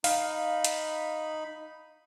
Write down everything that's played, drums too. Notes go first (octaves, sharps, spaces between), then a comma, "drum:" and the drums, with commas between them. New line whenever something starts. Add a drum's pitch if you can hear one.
D#4 F5 B5, drum: open hi-hat
drum: hi-hat